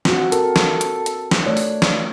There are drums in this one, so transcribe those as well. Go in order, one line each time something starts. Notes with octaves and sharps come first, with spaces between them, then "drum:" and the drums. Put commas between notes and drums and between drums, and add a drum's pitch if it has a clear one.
C4 F#4, drum: snare
A4 A#4, drum: hi-hat
drum: snare
drum: hi-hat
drum: hi-hat
drum: snare
A3 D4 C#5
drum: open hi-hat
drum: snare